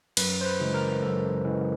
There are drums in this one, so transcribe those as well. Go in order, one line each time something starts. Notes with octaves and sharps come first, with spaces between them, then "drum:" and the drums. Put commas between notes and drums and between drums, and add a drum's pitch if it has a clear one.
F#2 B4, drum: cymbal
C5
B4
C#3 E3 G#3
A#4
F#2 A4
C#3 E3 G#3